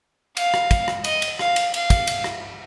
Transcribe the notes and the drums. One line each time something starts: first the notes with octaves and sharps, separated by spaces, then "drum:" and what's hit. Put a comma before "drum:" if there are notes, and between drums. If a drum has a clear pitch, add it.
F5, drum: cymbal
drum: rim click
drum: kick, cymbal
drum: rim click
D#5, drum: cymbal
drum: cymbal
F5, drum: rim click
drum: cymbal
F5, drum: cymbal
drum: kick, cymbal
drum: cymbal
drum: rim click